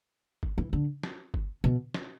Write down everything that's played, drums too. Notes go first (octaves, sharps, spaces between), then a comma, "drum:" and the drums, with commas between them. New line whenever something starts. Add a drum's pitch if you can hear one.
drum: kick G1
E3
D3
drum: snare
drum: kick G1
B2
drum: snare